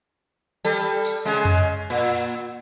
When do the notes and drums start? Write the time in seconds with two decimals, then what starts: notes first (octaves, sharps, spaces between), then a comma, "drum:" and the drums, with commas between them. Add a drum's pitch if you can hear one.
0.65 G3 A4, drum: tambourine
1.05 drum: tambourine
1.25 C#3 G#3
1.45 drum: tom F2
1.90 A#2